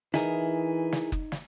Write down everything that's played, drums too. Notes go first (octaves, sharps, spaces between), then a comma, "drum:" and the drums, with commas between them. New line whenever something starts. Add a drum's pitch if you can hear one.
E3 D#4 E4 G#4 A#4, drum: snare
drum: snare
drum: kick F#1
drum: snare